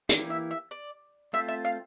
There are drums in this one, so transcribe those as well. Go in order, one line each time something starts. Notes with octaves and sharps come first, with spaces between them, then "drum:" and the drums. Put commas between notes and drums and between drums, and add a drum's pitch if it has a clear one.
E3 A#3 E4 G4, drum: hi-hat
E5
E5
D5
A3 C4 F4 C5 E5
E5
F5